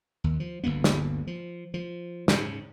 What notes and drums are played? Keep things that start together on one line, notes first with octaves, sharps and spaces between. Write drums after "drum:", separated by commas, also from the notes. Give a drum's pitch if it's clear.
D#2
F3
G1 D2 A#3 B3
drum: snare
F3
F3
G#2 C#3, drum: snare